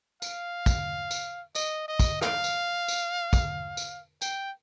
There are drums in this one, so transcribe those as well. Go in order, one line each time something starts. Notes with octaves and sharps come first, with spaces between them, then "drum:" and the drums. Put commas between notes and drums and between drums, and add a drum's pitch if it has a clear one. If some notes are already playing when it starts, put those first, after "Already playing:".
F5, drum: tambourine
drum: kick, tambourine
drum: tambourine
D#5, drum: tambourine
D#5
drum: kick, tambourine
F5, drum: rim click
drum: tambourine
drum: tambourine
drum: kick, tambourine
drum: tambourine
G5, drum: tambourine